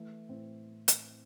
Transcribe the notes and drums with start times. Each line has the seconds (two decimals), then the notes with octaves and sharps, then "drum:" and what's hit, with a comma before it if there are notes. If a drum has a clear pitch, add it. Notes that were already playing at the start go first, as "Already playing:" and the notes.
Already playing: E3 A3
0.29 A2 C4
0.88 drum: hi-hat